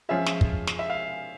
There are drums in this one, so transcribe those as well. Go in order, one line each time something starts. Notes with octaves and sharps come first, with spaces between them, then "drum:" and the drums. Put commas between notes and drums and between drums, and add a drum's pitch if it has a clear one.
F3 G#3 C#4 F4 G#4 E5
drum: snare
drum: kick
drum: snare
E5
F5